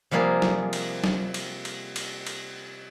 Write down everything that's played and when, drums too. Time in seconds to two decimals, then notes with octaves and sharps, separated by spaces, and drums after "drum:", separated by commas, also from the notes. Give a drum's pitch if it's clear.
0.11 C3 F3 G3 A#3 G#4
0.42 drum: snare
0.73 drum: cymbal
1.04 drum: snare
1.34 drum: cymbal
1.65 drum: cymbal
1.96 drum: cymbal
2.27 drum: cymbal